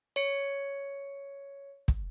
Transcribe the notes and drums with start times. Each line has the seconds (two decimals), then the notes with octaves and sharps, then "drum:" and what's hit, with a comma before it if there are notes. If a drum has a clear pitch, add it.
0.16 C#5 C#7
1.88 drum: kick